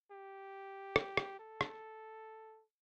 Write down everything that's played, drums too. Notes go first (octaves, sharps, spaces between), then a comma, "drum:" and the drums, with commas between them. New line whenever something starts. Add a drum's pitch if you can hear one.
G4
drum: rim click
drum: rim click
A4
drum: rim click